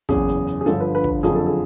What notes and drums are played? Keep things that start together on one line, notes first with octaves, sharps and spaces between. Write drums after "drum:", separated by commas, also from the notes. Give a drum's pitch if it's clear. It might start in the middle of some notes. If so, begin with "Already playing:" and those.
F#1 E2 C#3 G#4, drum: kick, hi-hat
drum: hi-hat
drum: hi-hat
G#4
G1 G2 D3 F3 A4, drum: hi-hat
B4
B4
drum: kick
F#1 F2 D3 F3 G#4, drum: hi-hat
A4
G#4